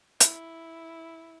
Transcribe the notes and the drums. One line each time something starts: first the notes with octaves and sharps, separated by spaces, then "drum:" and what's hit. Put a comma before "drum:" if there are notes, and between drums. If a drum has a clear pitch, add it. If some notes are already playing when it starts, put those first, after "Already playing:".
E4, drum: hi-hat